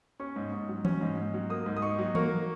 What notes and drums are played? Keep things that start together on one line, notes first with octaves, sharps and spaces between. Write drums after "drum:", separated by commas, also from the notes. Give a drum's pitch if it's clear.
C#4 C#6
G#2
G#2
F#3
C#4, drum: tom E3
G#2
G#2
F#3
A#3 D#6
G#2
D#6
D#4 C#6
F#3
A#3 C#6, drum: tom E3